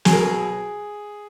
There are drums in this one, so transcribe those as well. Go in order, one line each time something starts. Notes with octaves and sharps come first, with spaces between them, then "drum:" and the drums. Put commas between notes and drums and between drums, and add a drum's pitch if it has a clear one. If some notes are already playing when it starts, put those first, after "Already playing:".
B2 F#3 G#4, drum: snare
A#4
G#4